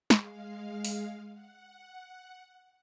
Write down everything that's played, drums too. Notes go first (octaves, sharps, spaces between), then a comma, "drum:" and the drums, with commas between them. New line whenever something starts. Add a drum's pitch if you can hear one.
G#3 F5, drum: snare
drum: open hi-hat
F#5